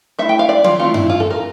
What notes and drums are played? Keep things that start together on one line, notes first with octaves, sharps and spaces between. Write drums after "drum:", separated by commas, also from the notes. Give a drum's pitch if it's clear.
A3 E4 E5
G5
F5
D5
F4, drum: tom
A3 C4 E4 F4
E4, drum: tom F#2
F4
A4
A#4